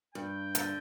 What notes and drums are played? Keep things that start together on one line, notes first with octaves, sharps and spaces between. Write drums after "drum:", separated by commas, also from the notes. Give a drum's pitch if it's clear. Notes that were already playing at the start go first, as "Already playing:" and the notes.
G2 G5
D3, drum: hi-hat